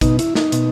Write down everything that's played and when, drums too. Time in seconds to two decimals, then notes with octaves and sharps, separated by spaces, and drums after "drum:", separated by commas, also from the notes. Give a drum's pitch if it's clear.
0.01 B2 D#4, drum: kick, hi-hat
0.19 E4, drum: hi-hat
0.35 D#4, drum: snare
0.52 B2, drum: hi-hat